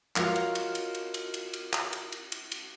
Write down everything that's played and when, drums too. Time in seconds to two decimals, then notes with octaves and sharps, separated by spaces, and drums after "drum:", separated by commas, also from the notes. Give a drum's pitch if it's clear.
0.16 F4 F#4 A#4 C#5 D#5 F5, drum: clap
0.36 drum: cymbal
0.55 drum: cymbal
0.75 drum: cymbal
0.95 drum: cymbal
1.14 drum: cymbal
1.34 drum: cymbal
1.53 drum: cymbal
1.73 drum: clap
1.93 drum: cymbal
2.12 drum: cymbal
2.32 drum: cymbal
2.52 drum: cymbal